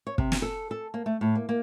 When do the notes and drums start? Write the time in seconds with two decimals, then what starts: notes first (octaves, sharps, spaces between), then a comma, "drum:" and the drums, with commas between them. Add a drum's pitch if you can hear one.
0.07 C#5
0.18 C3, drum: kick
0.32 drum: snare
0.42 A4
0.71 A4
0.94 A#3
1.06 A3
1.21 A2
1.35 A#3
1.49 A#3